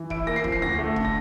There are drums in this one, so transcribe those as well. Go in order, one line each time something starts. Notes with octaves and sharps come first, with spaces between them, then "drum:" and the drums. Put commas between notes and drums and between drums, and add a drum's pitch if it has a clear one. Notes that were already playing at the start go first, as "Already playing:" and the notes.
Already playing: E3
E4 D7, drum: kick E1
A#3 A#6
C7
F3, drum: kick E1
C7
D2 A#6
A3
D3, drum: kick E1
A#6